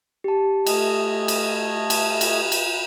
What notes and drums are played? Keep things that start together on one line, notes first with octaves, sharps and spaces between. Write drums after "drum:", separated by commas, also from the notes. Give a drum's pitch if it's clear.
G4 A5
A3 D#5 G#5, drum: cymbal
drum: cymbal
drum: cymbal
drum: cymbal
drum: cymbal